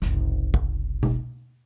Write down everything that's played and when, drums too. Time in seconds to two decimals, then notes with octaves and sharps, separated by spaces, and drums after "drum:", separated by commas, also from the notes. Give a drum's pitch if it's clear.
0.02 F#1 C2, drum: snare
0.54 drum: kick
1.03 drum: tom B2